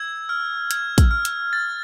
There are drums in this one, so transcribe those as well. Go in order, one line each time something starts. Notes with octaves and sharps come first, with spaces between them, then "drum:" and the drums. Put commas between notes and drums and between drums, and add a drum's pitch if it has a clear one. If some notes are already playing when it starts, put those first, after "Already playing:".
Already playing: E6 G#6
F6
G#6, drum: hi-hat
drum: kick, hi-hat
F6
drum: hi-hat
A6